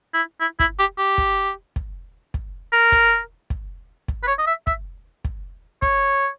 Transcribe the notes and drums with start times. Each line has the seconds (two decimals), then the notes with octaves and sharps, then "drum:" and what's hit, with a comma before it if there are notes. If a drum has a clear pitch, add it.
0.14 E4
0.41 E4
0.60 E4, drum: kick
0.79 G4
0.99 G4
1.18 drum: kick
1.76 drum: kick
2.34 drum: kick
2.73 A#4
2.92 drum: kick
3.50 drum: kick
4.08 drum: kick
4.23 B4
4.27 C#5
4.39 D#5
4.47 E5
4.67 E5, drum: kick
5.25 drum: kick
5.82 C#5, drum: kick